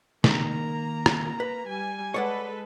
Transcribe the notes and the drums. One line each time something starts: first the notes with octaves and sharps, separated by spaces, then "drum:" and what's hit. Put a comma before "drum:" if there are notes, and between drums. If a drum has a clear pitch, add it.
D#3 A#3 A#5, drum: snare
drum: rim click
B4
G3 G#5
G#3 A4 B4 C#5 D5 F#5